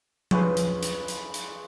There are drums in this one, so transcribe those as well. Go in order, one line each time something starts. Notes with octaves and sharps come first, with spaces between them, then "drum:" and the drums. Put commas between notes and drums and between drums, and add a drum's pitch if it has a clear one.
C#4 F4 G#4 B4, drum: tom F3
drum: hi-hat
drum: hi-hat
drum: hi-hat
drum: hi-hat